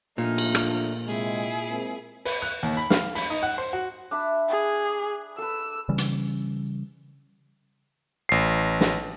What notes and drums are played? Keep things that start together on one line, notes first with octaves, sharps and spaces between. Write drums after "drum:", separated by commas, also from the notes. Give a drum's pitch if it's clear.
A#2 F3 A3 D4 D#4 F6
drum: cymbal
drum: rim click
C3 G#3 E4 G#4
G#3 A#3 C4
B4, drum: open hi-hat
F#6
D#2
B5
F5, drum: snare
B5, drum: open hi-hat
D#4
F#5
C5
F#4
D4 E5 B5
G#4
A4 B4 E6
C#3 E3 G3 C#4
drum: hi-hat
A1 C7
drum: snare